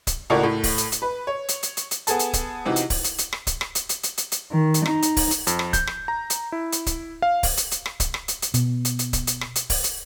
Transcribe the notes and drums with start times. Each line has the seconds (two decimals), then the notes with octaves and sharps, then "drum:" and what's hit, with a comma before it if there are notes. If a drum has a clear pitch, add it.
0.07 drum: kick C#1, hi-hat
0.30 C#2 A2 F#4 A#4 D5 C#6
0.44 A2
0.64 drum: kick C#1, open hi-hat
0.78 drum: hi-hat
0.92 drum: hi-hat
1.02 B4
1.27 C#5
1.48 drum: hi-hat
1.63 drum: hi-hat
1.77 drum: hi-hat
1.91 drum: hi-hat
2.07 B3 G#4 A4 A5, drum: hi-hat
2.19 drum: hi-hat
2.33 drum: kick C#1, hi-hat
2.66 C3 E3 D#4 F#4
2.76 drum: hi-hat
2.90 drum: kick C#1, open hi-hat
3.04 drum: hi-hat
3.18 drum: hi-hat
3.33 drum: rim click
3.47 drum: kick C#1, hi-hat
3.61 drum: rim click
3.75 drum: hi-hat
3.89 drum: hi-hat
4.03 drum: hi-hat
4.17 drum: hi-hat
4.32 drum: hi-hat
4.51 D#3
4.74 drum: hi-hat
4.86 D#4, drum: rim click
5.02 drum: hi-hat
5.17 drum: kick C#1, open hi-hat
5.31 drum: hi-hat
5.47 F2, drum: hi-hat
5.59 drum: rim click
5.73 G6, drum: kick C#1, hi-hat
5.87 drum: rim click
6.08 A#5
6.30 drum: hi-hat
6.52 E4
6.72 drum: hi-hat
6.86 drum: kick C#1, hi-hat
7.22 F5
7.43 drum: kick C#1, open hi-hat
7.57 drum: hi-hat
7.71 drum: hi-hat
7.86 drum: rim click
8.00 drum: kick C#1, hi-hat
8.14 drum: rim click
8.28 drum: hi-hat
8.42 drum: hi-hat
8.54 B2, drum: hi-hat
8.85 drum: hi-hat
8.99 drum: hi-hat
9.13 drum: kick C#1, hi-hat
9.27 drum: hi-hat
9.41 drum: rim click
9.55 drum: hi-hat
9.70 drum: kick C#1, open hi-hat
9.84 drum: hi-hat